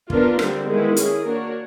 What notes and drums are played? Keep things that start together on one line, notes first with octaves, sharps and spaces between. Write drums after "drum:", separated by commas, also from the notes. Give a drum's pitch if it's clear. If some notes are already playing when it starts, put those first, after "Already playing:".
B3 D4 F4 A#4, drum: kick
D3 G3 C4, drum: rim click
D#3 G#3 B3 E4
C#4 E4 G#4, drum: hi-hat
A#3 D4 F#4 A#4 C#5